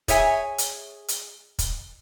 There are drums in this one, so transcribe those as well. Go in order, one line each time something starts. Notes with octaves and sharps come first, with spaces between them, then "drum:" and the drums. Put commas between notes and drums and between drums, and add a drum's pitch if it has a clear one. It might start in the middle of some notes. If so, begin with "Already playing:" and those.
G#4 C#5 E5 G#5, drum: kick, hi-hat
drum: hi-hat
drum: hi-hat
drum: kick, hi-hat